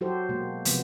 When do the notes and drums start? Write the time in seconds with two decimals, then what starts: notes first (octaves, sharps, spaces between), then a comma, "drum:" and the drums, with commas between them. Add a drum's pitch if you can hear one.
0.01 F#3 F#4 G4 A4 C5
0.29 B2 G#3 A#3
0.65 C3 F3 G#3 B3, drum: hi-hat